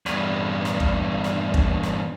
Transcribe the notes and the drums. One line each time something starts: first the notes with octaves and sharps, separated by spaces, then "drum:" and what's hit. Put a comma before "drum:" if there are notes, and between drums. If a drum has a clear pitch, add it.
E2 G2, drum: rim click
drum: rim click
drum: kick
drum: rim click
drum: kick
drum: rim click